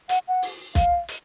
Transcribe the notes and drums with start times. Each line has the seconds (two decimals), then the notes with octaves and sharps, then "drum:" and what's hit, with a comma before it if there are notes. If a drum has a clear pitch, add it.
0.09 F#5, drum: hi-hat
0.28 F#5
0.42 drum: open hi-hat
0.75 F5, drum: kick, hi-hat
1.08 drum: hi-hat